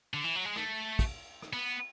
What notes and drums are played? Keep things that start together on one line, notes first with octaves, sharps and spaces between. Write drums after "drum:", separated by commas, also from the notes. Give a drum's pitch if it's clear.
D3
E3
F#3
G#3
A3, drum: rim click
drum: kick, cymbal
drum: rim click
B3